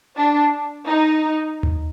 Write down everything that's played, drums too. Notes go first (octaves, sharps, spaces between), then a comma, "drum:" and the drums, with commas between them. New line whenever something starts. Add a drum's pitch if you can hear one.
D4
D#4
drum: tom D#2